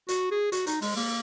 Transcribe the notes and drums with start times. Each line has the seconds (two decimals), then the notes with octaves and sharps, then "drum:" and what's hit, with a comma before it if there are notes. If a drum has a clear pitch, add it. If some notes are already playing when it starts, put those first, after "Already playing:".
0.09 F#4, drum: hi-hat
0.31 G#4
0.52 F#4, drum: hi-hat
0.67 D#4, drum: hi-hat
0.82 G#3, drum: open hi-hat
0.97 A#3, drum: open hi-hat